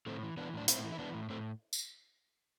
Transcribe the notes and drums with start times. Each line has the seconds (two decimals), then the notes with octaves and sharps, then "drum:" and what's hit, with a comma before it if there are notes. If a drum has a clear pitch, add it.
0.06 A2 A3 C4
0.23 E3
0.37 E3 B3 D4
0.54 A2 D4
0.68 A2 C4 E4, drum: hi-hat
0.84 E3
0.92 E4
0.99 E3 B3 D4
1.14 A2
1.30 A2 A3 C4
1.73 drum: tambourine